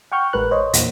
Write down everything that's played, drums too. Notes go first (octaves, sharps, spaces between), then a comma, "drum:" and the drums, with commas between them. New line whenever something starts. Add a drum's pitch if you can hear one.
F#5 G5 C#6 F6 G6
A1 G#3 A#4 B4 F#6
C5 C#5 D#5
E2 A#2 A#3 A#6, drum: hi-hat